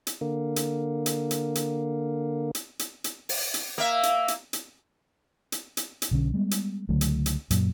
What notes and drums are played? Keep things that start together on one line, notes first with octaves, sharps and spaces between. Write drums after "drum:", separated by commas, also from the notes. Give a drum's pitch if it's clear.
drum: hi-hat
D3 A#3
drum: hi-hat
drum: hi-hat
drum: hi-hat
drum: hi-hat
drum: hi-hat
drum: hi-hat
drum: hi-hat
drum: open hi-hat
drum: hi-hat
A#3 E5
drum: hi-hat
drum: hi-hat
drum: hi-hat
drum: hi-hat
drum: hi-hat
drum: hi-hat
B1 D3 D#3 C#4
G3 G#3 B3
drum: hi-hat
C#2 D3 F#3 A3
drum: hi-hat
drum: hi-hat
F#2 A#2 F#3, drum: hi-hat